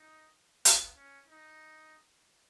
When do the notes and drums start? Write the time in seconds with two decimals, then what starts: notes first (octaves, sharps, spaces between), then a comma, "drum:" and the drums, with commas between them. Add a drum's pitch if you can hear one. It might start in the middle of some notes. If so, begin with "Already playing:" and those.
Already playing: D#4
0.65 B3, drum: hi-hat
0.96 C#4
1.28 D#4